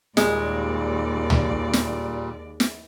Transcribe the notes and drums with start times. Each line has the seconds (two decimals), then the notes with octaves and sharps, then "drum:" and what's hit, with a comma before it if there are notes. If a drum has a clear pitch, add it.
0.17 D#2 A#2 G3 G#3 D5, drum: snare
1.30 drum: tom
1.73 drum: snare
2.60 drum: snare